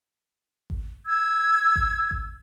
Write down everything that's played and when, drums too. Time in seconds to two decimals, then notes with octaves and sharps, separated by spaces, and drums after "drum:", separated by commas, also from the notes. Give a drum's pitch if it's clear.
0.70 drum: kick G#1
1.05 E6 G#6
1.76 drum: kick G#1
2.11 drum: kick G#1